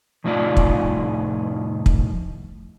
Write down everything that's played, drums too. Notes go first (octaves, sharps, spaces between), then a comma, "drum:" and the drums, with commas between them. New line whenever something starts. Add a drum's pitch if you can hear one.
C2 F2 A2 D#4 F4 D5
drum: kick
drum: kick